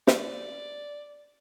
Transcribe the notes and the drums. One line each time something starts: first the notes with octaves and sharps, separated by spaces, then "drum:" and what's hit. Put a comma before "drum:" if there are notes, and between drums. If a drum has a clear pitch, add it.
D5, drum: snare